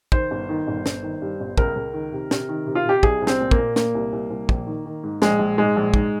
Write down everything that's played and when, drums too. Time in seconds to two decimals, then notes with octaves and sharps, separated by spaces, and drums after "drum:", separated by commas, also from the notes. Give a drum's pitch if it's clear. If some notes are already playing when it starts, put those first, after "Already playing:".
0.12 D#3 C5, drum: kick
0.31 G1
0.49 D#3
0.67 G1
0.86 G1, drum: snare
1.03 D#3
1.22 G2
1.40 G1
1.58 C#2 A#4, drum: kick
1.76 C#2
1.94 D#3
2.12 C3
2.31 C3, drum: snare
2.49 D#3
2.67 C3
2.75 F4
2.86 C3 G4
3.03 C2 G#4, drum: kick
3.22 C2
3.27 C4, drum: snare
3.40 A#2
3.51 A#3, drum: kick
3.58 A#2
3.76 A#2 A#3, drum: snare
3.95 C2
4.13 C2
4.30 C2
4.49 A#1, drum: kick
4.67 D#3
4.86 D#3
5.03 G#2
5.22 A#1 G#3, drum: snare
5.39 A#1
5.58 G#2 G#3
5.77 A#1
5.94 G#2, drum: kick